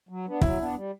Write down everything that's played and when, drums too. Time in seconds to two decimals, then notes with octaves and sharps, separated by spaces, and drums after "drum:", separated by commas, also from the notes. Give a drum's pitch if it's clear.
0.09 F#3
0.25 B3 D4
0.41 F#3 E4, drum: kick
0.58 B3 D4
0.75 G3